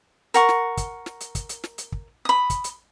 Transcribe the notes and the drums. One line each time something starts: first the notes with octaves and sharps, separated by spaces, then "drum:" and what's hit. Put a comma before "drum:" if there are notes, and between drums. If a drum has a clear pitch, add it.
A#4 F#5 C#6, drum: hi-hat
drum: snare
drum: kick, hi-hat
drum: snare
drum: hi-hat
drum: kick, hi-hat
drum: hi-hat
drum: snare
drum: hi-hat
drum: kick
B5 D#6
drum: kick, hi-hat
drum: hi-hat